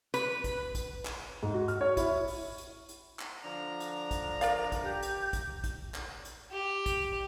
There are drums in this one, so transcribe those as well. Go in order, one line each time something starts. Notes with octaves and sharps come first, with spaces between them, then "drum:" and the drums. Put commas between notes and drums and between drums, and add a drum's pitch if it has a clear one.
B4, drum: hi-hat
drum: kick, hi-hat
drum: kick, hi-hat
drum: clap
G#2
F#4
F6, drum: hi-hat
C#5
E4, drum: kick, hi-hat
drum: open hi-hat
drum: hi-hat
drum: hi-hat
drum: clap
D3 F3 D4 A#5
drum: hi-hat
drum: kick, hi-hat
A#4 D5 F5, drum: hi-hat
drum: kick, hi-hat
G4
drum: hi-hat
drum: kick, hi-hat
drum: kick, hi-hat
drum: clap
drum: hi-hat
G4
drum: kick, hi-hat